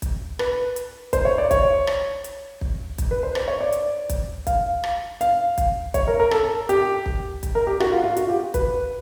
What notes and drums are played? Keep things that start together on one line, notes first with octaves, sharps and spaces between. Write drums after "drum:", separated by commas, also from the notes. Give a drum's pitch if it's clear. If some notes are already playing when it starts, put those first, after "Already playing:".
drum: kick, hi-hat
B4, drum: rim click
drum: hi-hat
C5, drum: kick, hi-hat
C#5
D5
C#5, drum: kick, hi-hat
drum: rim click
drum: hi-hat
drum: kick
drum: kick, hi-hat
B4
C5
C5, drum: rim click
C#5
D5
drum: hi-hat
drum: kick, hi-hat
F5, drum: kick, hi-hat
drum: rim click
F5, drum: hi-hat
drum: kick, hi-hat
C#5, drum: kick, hi-hat
A#4
A#4
A4, drum: rim click
G4, drum: hi-hat
drum: kick
drum: kick, hi-hat
A#4
G4
F#4, drum: rim click
F4
F4
F#4, drum: hi-hat
G4
B4, drum: kick, hi-hat